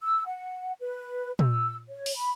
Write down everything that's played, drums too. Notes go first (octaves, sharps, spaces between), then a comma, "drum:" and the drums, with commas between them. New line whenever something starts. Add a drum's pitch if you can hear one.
E6
F#5
B4
E6, drum: tom A#2
C#5
drum: open hi-hat
B5